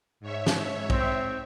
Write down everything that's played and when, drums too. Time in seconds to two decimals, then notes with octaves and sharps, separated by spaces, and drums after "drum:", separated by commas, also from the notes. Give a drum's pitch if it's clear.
0.20 G#2 C#5 E5
0.46 drum: snare
0.90 C4, drum: kick